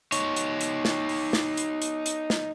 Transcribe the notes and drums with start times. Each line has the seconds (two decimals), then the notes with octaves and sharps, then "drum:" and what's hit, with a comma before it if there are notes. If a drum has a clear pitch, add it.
0.12 D#4 C#5, drum: hi-hat
0.36 drum: hi-hat
0.61 drum: hi-hat
0.85 drum: snare
1.09 drum: open hi-hat
1.33 drum: snare
1.57 drum: hi-hat
1.82 drum: hi-hat
2.06 drum: hi-hat
2.30 drum: snare